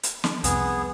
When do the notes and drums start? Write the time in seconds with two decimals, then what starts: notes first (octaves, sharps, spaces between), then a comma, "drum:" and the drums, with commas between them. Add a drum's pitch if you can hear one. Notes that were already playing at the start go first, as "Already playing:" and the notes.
0.03 drum: hi-hat
0.24 drum: snare
0.44 C2 F2 C3 B3 G#4, drum: hi-hat